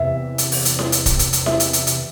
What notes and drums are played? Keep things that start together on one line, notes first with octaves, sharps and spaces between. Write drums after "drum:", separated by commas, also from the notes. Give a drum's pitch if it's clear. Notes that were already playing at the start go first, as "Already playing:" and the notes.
Already playing: E2 C3 E3 E5
drum: hi-hat
drum: open hi-hat
drum: hi-hat
drum: snare E4
drum: hi-hat
drum: kick, hi-hat
drum: hi-hat
drum: hi-hat
E5, drum: snare E4
drum: hi-hat
drum: hi-hat
drum: hi-hat